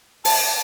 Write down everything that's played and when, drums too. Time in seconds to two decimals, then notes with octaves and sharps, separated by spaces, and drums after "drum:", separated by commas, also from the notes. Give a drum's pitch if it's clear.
0.25 A5, drum: open hi-hat